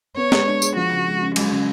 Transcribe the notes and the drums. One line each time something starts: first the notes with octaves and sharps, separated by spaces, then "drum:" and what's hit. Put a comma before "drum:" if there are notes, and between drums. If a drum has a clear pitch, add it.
B3 C#5
G#3, drum: snare
D4
G#4, drum: tambourine
F3 F#4
C#3
G#3
C#4
F#3 G#3, drum: cymbal
C#3